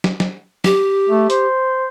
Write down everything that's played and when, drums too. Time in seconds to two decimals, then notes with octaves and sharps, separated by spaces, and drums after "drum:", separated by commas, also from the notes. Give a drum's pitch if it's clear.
0.04 drum: snare
0.20 drum: snare
0.64 G4, drum: snare
1.09 A3
1.30 C5, drum: hi-hat